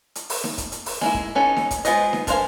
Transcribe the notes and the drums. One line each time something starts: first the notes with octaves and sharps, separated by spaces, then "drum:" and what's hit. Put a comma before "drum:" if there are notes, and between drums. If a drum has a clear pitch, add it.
drum: hi-hat
drum: open hi-hat
drum: snare D#4
drum: kick, hi-hat
drum: hi-hat
drum: open hi-hat
G#3 A#3 E4, drum: snare D#4
drum: kick
B3 C#4 D#4 A4
drum: snare D#4
drum: kick, hi-hat
G#3 B3 F4 C5 D#5, drum: hi-hat
drum: snare D#4
F3 A#4 C5 F5 G#5, drum: kick, hi-hat